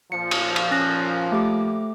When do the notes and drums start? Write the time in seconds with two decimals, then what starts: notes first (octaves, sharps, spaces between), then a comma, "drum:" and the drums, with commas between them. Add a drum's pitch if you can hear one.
0.12 A#2 F3 C#7
0.31 drum: cymbal
0.56 drum: cymbal
0.71 C#4 F#6 A#6
1.32 A3 G4 D6